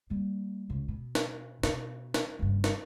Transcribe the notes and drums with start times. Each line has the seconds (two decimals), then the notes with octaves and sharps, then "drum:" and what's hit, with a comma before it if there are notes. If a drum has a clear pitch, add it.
0.10 G3 A#3
0.70 C#2 C#3
0.89 B2
1.15 drum: snare
1.63 B2, drum: snare
2.14 drum: snare
2.39 F#1 G2
2.64 drum: snare